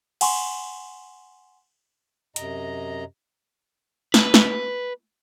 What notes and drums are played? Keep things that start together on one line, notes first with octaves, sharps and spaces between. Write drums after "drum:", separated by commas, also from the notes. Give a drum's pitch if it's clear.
F#5 G#5 C6 C#6, drum: cymbal
F#2 C3 D#5 A#5, drum: hi-hat
B4, drum: snare
drum: snare